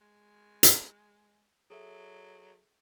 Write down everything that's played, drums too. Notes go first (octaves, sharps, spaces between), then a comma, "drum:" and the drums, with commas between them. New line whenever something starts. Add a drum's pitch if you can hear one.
G#3
drum: hi-hat
F#3 G#4 A4 E5